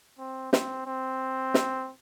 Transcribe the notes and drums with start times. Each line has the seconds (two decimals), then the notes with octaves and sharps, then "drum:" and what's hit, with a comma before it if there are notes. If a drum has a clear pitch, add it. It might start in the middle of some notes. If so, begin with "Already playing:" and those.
0.19 C4
0.53 C4, drum: snare
0.87 C4
1.54 drum: snare